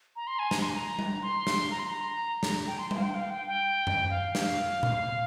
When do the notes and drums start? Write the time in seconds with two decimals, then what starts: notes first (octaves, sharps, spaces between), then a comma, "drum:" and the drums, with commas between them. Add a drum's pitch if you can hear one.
0.16 A#5
0.27 C6
0.39 G#5
0.51 A#5, drum: snare
0.62 C6
0.69 G#5
0.75 A#5
0.99 drum: tom G3
1.22 C6
1.47 drum: snare
1.71 A#5
1.80 C6
1.90 A#5
2.43 drum: snare
2.67 G5
2.79 C6
2.91 C6, drum: tom G3
2.96 F5
3.03 G5
3.15 F5
3.30 G5
3.47 G5
3.87 drum: tom F#2
4.11 F5
4.35 drum: snare
4.83 drum: tom A#2